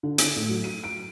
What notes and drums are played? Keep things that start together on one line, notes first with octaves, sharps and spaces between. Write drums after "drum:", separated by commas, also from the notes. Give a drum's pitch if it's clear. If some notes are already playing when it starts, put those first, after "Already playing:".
D3
D7, drum: hi-hat
A2
F#3
D#7
D7